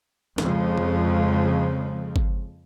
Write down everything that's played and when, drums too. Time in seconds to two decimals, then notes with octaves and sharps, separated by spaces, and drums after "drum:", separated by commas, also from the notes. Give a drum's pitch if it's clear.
0.38 F2 C#3 F3 G#3, drum: snare
0.78 drum: tom C3
2.16 drum: kick G1